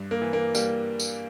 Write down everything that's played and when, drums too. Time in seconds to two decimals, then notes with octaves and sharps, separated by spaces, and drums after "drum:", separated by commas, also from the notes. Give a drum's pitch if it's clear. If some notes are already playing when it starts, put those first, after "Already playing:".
Already playing: G2
0.11 A#3
0.22 E3
0.33 A#3
0.55 G3 A#3, drum: tambourine
1.00 drum: tambourine